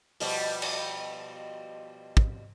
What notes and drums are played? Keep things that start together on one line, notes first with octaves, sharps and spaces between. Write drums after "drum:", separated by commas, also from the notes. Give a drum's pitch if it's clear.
B2 F3 G3, drum: open hi-hat
drum: cymbal
drum: kick